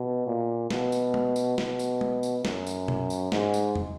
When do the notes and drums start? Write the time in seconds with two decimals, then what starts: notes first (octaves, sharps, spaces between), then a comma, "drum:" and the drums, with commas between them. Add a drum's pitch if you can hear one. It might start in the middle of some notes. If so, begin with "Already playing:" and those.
Already playing: B2
0.27 A#2
0.70 B2, drum: snare
0.92 drum: tambourine
1.14 drum: tom G#3
1.36 drum: tambourine
1.58 B2, drum: snare
1.79 drum: tambourine
2.01 drum: tom G#3
2.23 drum: tambourine
2.45 F#2, drum: snare
2.67 drum: tambourine
2.88 drum: tom B2
3.10 drum: tambourine
3.32 G#2, drum: snare
3.54 drum: tambourine
3.75 drum: tom